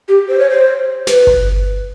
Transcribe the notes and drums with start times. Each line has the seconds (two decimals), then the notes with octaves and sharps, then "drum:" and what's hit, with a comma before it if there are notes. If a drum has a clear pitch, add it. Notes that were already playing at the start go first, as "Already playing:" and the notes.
0.08 G4
0.29 C5
0.39 C#5
0.50 C5
1.07 B4, drum: snare
1.27 drum: kick G1